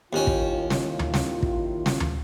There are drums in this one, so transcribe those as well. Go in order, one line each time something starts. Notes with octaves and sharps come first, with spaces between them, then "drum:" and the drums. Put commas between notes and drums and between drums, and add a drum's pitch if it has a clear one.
D#2 D#3 C#4 E4 F4
drum: kick
drum: snare
drum: tom D2
drum: snare
drum: kick
drum: snare
drum: tom D2